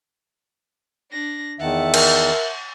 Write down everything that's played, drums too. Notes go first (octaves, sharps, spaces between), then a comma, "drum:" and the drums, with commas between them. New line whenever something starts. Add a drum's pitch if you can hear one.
D4 A#6
E2 D#3 E5 F#5 A5
A#4, drum: cymbal